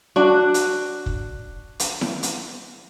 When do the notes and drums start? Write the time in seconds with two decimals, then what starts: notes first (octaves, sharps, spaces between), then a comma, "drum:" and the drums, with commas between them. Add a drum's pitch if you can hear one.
0.16 D4 F#4
0.54 drum: hi-hat
1.06 drum: kick
1.80 drum: hi-hat
2.01 drum: snare E4
2.23 drum: hi-hat